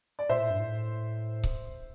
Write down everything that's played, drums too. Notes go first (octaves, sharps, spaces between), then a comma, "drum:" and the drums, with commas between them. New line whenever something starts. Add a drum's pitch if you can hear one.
D5
A#2 C5 E5
A2
G2
A2
drum: kick C#1